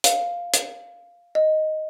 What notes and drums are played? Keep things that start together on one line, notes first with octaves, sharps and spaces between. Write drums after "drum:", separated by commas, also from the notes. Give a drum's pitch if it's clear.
F5, drum: hi-hat
drum: hi-hat
D#5